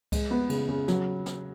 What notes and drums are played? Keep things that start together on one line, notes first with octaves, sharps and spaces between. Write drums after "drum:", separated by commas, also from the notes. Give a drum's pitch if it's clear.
G#3, drum: kick C#2, cymbal
B3
C#3, drum: cymbal
C#3
F#3, drum: snare
drum: snare